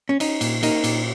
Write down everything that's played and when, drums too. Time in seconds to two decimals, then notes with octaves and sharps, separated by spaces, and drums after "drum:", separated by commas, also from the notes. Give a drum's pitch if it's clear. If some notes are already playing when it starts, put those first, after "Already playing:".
0.09 C#4
0.20 C#4 D#4, drum: cymbal
0.41 A#2, drum: cymbal
0.63 A#3 D#4, drum: cymbal
0.84 A#2, drum: cymbal